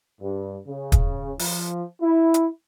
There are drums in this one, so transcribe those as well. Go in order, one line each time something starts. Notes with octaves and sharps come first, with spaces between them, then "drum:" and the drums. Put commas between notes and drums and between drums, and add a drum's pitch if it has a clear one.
G2
C#3
drum: kick, hi-hat
F3, drum: open hi-hat
E4
drum: hi-hat